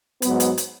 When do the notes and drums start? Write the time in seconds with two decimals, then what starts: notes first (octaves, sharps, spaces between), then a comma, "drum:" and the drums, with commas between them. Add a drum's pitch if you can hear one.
0.22 G#2 F#3 B3, drum: hi-hat
0.40 drum: hi-hat
0.58 drum: hi-hat